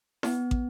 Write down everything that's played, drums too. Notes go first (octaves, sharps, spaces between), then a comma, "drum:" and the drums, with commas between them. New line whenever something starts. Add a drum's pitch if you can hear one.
B3, drum: snare E4
drum: kick